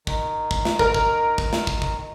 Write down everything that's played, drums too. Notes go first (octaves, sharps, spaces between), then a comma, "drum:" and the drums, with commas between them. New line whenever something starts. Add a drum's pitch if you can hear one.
D#3, drum: kick
drum: kick
drum: snare
A#4, drum: kick
drum: kick
drum: kick
drum: snare
drum: kick
drum: kick